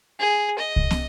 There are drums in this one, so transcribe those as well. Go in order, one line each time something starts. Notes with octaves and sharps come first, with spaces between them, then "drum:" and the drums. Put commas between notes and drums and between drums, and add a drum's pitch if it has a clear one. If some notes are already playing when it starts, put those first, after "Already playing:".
G#4
D#5
drum: kick C2
drum: snare